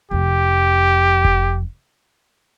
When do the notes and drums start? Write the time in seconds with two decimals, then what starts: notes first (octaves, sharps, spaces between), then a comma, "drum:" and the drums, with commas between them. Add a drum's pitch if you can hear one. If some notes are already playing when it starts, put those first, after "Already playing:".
0.11 F1 F2 G4
1.25 drum: kick F1